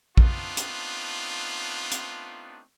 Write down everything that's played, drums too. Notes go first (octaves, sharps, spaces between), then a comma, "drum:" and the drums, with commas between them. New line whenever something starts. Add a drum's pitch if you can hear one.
A3 B3 C4 D4 D#4 F4, drum: kick
drum: hi-hat
drum: hi-hat